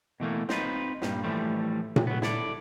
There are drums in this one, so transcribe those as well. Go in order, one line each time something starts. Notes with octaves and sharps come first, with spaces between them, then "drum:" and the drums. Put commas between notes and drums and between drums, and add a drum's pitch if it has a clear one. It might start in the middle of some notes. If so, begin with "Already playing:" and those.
B2 E3 A3 A#3
C4 D#4 F4 B4, drum: snare
G2 A#2 G3, drum: snare
A2 E3 F3 G3 A3
drum: tom A#2
F#3 B3
E4 A4 D5, drum: snare